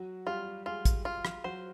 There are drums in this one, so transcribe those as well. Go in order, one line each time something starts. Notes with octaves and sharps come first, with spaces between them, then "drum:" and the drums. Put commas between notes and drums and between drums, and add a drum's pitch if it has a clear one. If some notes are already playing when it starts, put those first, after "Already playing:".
Already playing: F#3 F#4
G3 F4 G4
G#3 F4 G#4
drum: kick, hi-hat
F4
drum: rim click
F#3 F#4 C5